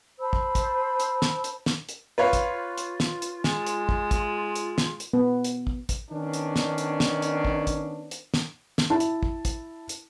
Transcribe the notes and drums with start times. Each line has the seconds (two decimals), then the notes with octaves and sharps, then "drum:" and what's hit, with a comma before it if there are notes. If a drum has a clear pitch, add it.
0.20 C5 A5 B5 E6
0.33 drum: kick
0.55 drum: kick, hi-hat
1.00 drum: hi-hat
1.22 drum: snare
1.44 drum: hi-hat
1.66 drum: snare
1.89 drum: hi-hat
2.18 F4 B4 C#5 F5
2.33 drum: kick, hi-hat
2.78 drum: hi-hat
3.00 drum: snare
3.22 drum: hi-hat
3.44 G#3, drum: snare
3.67 drum: hi-hat
3.89 drum: kick
4.11 drum: kick, hi-hat
4.55 drum: hi-hat
4.78 drum: snare
5.00 drum: hi-hat
5.14 B3
5.44 drum: hi-hat
5.67 drum: kick
5.89 drum: kick, hi-hat
6.10 D#3 B3 C#4 D4
6.33 drum: hi-hat
6.56 drum: snare
6.78 drum: hi-hat
7.00 drum: snare
7.22 drum: hi-hat
7.45 drum: kick
7.67 drum: kick, hi-hat
8.11 drum: hi-hat
8.34 drum: snare
8.78 drum: snare
8.90 E4 A5
9.00 drum: hi-hat
9.23 drum: kick
9.45 drum: kick, hi-hat
9.89 drum: hi-hat